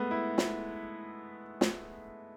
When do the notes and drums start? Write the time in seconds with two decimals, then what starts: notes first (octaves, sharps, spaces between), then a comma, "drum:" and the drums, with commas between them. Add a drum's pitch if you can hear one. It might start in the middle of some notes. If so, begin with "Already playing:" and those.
Already playing: G#3 A3 B3
0.11 E4
0.38 drum: snare
1.61 drum: snare